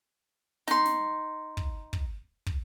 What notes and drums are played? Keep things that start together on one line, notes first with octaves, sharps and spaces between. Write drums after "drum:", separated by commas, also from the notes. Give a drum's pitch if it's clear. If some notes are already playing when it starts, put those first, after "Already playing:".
D#4 C6, drum: snare
drum: snare
drum: kick
drum: kick
drum: kick